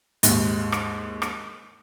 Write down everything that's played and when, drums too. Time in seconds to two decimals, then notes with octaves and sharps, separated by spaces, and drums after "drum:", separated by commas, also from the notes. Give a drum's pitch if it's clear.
0.23 D#2 G#2, drum: hi-hat
0.72 drum: rim click
1.22 drum: rim click